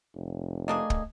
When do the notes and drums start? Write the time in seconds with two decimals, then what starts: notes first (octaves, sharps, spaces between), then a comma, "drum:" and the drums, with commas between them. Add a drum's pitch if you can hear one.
0.14 F1
0.68 A3 A#3 D4 G#4 D#5
0.90 drum: kick